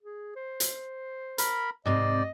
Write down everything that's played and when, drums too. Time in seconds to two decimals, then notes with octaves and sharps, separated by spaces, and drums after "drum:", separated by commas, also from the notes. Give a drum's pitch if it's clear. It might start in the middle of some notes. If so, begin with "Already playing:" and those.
0.02 G#4
0.36 C5
0.60 drum: hi-hat
1.38 A#4 B5, drum: hi-hat
1.86 G#2 C3 C4 D5 D#5